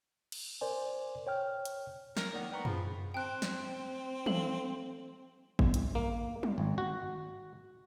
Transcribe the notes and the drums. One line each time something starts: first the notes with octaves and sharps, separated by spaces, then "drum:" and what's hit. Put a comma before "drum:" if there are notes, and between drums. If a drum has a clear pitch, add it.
drum: cymbal
A#4 C5 D5 G#5
C#5 G5 F6
drum: hi-hat
A#4, drum: snare
D#3 A#3 D5 F#5
B3 G5 A#5 C#6
F3 G#4 B5, drum: tom F#2
C4 G5 A5 F#6
drum: snare
A4 F5 F#7, drum: tom E3
G1, drum: kick G#1
drum: hi-hat
A#3
drum: tom F#3
G#1
F#4